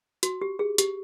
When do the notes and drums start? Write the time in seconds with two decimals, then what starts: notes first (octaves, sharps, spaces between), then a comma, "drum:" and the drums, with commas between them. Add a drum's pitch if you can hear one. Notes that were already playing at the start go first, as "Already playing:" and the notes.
0.23 F#4, drum: hi-hat
0.42 G4
0.59 G#4
0.78 G4, drum: hi-hat